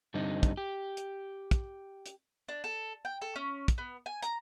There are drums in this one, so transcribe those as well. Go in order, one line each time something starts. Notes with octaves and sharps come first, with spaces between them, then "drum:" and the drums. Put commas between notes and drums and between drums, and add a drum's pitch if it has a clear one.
G2 D3 G3 C4 D#4
drum: kick, hi-hat
G4
drum: hi-hat
drum: kick, hi-hat
drum: hi-hat
D4
A4
G5
A4
C#4
drum: kick, hi-hat
B3
G#5
A#5, drum: hi-hat